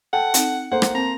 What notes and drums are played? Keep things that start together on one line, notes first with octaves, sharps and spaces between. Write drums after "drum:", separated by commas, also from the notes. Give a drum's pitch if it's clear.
A4 F#5 G5 A5
C4 D#4, drum: hi-hat
A#3 A4 C5 F#5
drum: rim click
C4 A#4 A5 A#5